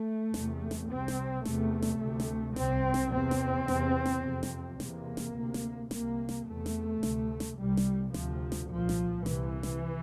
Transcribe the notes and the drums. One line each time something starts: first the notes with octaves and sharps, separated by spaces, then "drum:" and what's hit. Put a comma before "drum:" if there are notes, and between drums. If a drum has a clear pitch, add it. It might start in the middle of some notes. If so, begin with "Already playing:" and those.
Already playing: A3
E2 C3, drum: snare
drum: snare
C2 C3 C4
drum: snare
E2 C3 A3, drum: snare
drum: snare
D2 C3
drum: snare
C2 C3 C4, drum: snare
drum: snare
E2 C3 C4
drum: snare
E2 C3, drum: snare
drum: snare
F2 C3
drum: snare
E2 C3 A#3, drum: snare
drum: snare
D2 C3
drum: snare
C2 C3 A#3, drum: snare
drum: snare
E2 C3 A3
drum: snare
D2 C3, drum: snare
drum: snare
C2 C3 G3
drum: snare
D2 C3 F3, drum: snare
drum: snare
C2 A#2 F3
drum: snare
C2 C3 E3, drum: snare
drum: snare